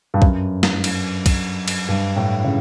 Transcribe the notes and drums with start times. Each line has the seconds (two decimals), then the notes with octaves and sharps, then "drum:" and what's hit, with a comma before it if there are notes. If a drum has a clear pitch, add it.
0.14 G2
0.22 F#2, drum: kick B1
0.63 drum: snare
0.84 drum: cymbal
1.26 drum: kick B1, cymbal
1.68 drum: cymbal
1.89 G2
2.16 A2
2.44 C#3